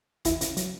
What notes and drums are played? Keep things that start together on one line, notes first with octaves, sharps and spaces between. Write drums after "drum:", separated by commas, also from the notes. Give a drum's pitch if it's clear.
E2 E4, drum: kick, hi-hat
C#3, drum: hi-hat
F#3, drum: hi-hat